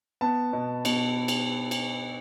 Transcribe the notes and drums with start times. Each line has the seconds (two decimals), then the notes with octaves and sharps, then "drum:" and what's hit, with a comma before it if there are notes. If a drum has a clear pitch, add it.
0.21 B3 A5
0.53 B2
0.85 B2, drum: cymbal
1.28 drum: cymbal
1.71 drum: cymbal